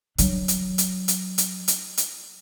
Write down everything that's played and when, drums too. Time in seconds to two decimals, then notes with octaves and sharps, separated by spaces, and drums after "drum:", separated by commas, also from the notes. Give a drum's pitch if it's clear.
0.18 F#3 D4, drum: hi-hat
0.48 drum: hi-hat
0.78 drum: hi-hat
1.08 drum: hi-hat
1.38 drum: hi-hat
1.68 drum: hi-hat
1.97 drum: hi-hat